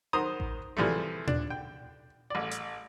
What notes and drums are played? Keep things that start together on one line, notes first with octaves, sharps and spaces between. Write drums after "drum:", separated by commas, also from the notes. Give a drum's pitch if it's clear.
D#3 F#3 C5 A#5 D#6
drum: kick A1
C3 E3 F3 G3 A3
D4, drum: tom A#2
G5
A1 D5
drum: hi-hat